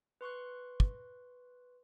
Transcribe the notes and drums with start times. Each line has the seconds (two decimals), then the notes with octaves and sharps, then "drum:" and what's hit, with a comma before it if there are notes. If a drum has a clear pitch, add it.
0.21 B4 C6 C#6 F#6
0.80 drum: kick